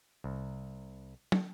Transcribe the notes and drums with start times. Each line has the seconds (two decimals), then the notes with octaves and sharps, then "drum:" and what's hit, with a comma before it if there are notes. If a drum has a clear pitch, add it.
0.24 C2
1.32 drum: tom